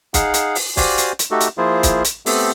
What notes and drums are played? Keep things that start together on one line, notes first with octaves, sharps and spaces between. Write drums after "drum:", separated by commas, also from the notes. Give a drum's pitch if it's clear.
D#4 G#4 F5 F#5, drum: kick, hi-hat
drum: hi-hat
drum: open hi-hat
F#4 G4 C5 D5 F5 G#5, drum: kick, open hi-hat
drum: hi-hat
drum: hi-hat
A3 D#4 F#4 G4 A4
drum: hi-hat
F3 A#3 E4 F4 G#4 C5
drum: kick, hi-hat
drum: hi-hat
A3 B3 C4 G4 A4, drum: open hi-hat